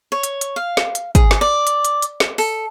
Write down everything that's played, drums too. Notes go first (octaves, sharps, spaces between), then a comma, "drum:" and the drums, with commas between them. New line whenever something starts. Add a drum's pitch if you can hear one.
C#5
drum: hi-hat
drum: hi-hat
F5
drum: snare
drum: hi-hat
G#4, drum: kick, hi-hat
drum: snare
D5
drum: hi-hat
drum: hi-hat
drum: hi-hat
drum: snare
A4, drum: open hi-hat